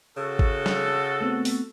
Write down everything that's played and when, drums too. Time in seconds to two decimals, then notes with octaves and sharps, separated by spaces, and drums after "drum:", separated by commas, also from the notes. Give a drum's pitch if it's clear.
0.17 C#3 F#4 A4
0.39 drum: kick G#1
0.66 drum: snare
1.21 A3 B3 C4
1.45 drum: open hi-hat